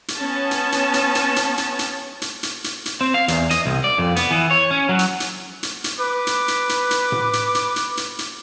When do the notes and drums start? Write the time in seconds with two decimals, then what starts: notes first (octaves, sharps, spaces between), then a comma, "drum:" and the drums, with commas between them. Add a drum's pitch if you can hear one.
0.08 drum: hi-hat
0.18 B3 C#4 A5
0.51 drum: hi-hat
0.72 drum: hi-hat
0.94 drum: hi-hat
1.15 drum: hi-hat
1.36 drum: hi-hat
1.58 drum: hi-hat
1.79 drum: hi-hat
2.22 drum: hi-hat
2.43 drum: hi-hat
2.64 drum: hi-hat
2.86 drum: hi-hat
3.01 C4
3.14 F5
3.28 E2, drum: hi-hat
3.51 D#5, drum: hi-hat
3.66 C2
3.84 D5
3.98 F2
4.16 B3, drum: hi-hat
4.31 E3
4.51 C#5
4.71 C#4
4.89 F#3
4.99 drum: hi-hat
5.20 drum: hi-hat
5.63 drum: hi-hat
5.84 drum: hi-hat
6.00 B4 B5 D6
6.27 drum: hi-hat
6.48 drum: hi-hat
6.69 drum: hi-hat
6.91 drum: hi-hat
7.12 drum: tom A2
7.33 drum: hi-hat
7.55 drum: hi-hat
7.76 drum: hi-hat
7.97 drum: hi-hat
8.19 drum: hi-hat